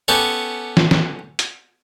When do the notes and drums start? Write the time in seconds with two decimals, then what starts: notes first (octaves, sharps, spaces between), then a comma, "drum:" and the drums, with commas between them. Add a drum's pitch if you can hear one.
0.08 B3 C#4 G4 A4 C#5
0.77 drum: snare
0.91 drum: snare
1.39 drum: hi-hat